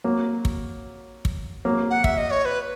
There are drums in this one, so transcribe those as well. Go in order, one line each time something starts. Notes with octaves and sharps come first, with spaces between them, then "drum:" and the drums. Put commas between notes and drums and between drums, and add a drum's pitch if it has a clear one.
F#3 A#3
drum: kick
drum: kick
F#3 A#3
F#5
E5, drum: kick
D#5
C#5
B4